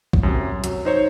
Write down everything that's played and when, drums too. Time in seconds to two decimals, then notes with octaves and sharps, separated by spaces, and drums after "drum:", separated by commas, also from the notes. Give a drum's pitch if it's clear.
0.13 drum: kick B1
0.23 F#2 C3
0.64 F#3, drum: hi-hat
0.85 D#4 C5 C#5